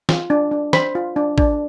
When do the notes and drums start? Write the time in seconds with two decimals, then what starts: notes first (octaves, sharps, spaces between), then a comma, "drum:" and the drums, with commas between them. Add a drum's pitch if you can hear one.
0.09 F4, drum: snare
0.30 D4
0.51 D4
0.73 C5 B5, drum: snare
0.95 F4
1.16 D4
1.38 D4, drum: kick